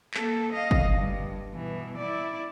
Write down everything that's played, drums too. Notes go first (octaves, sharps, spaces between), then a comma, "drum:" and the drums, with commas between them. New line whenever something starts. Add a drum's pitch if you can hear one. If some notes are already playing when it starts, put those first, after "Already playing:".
A#3 A4, drum: clap
D#5 F5
drum: kick
G2
B2 E3
E4 D5